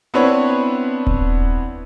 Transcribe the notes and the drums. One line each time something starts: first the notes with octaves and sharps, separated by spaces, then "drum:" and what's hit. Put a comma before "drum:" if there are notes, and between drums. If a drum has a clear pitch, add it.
B3 C4 D4 E4 B4 C#5
drum: kick D#1